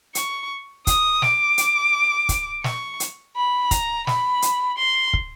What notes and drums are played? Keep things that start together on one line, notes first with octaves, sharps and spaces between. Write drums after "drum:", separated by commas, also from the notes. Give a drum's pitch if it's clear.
C#6, drum: hi-hat
D#6, drum: kick, hi-hat
D6, drum: snare
drum: hi-hat
drum: kick, hi-hat
C#6, drum: snare
drum: hi-hat
B5
A#5, drum: kick, hi-hat
B5, drum: snare
drum: hi-hat
C6
drum: kick